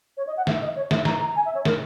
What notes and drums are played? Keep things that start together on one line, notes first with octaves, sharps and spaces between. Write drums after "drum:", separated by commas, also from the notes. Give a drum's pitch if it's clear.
C#5
D#5
F#5
E5, drum: snare
D#5
C#5
E5, drum: snare
A#5, drum: snare
A#5
G#5
E5
C#5
A#4, drum: snare